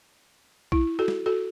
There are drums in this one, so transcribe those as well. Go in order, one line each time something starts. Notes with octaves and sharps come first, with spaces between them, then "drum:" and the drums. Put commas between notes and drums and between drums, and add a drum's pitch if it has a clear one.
E4, drum: kick
F#4 A4
drum: snare
F#4 A4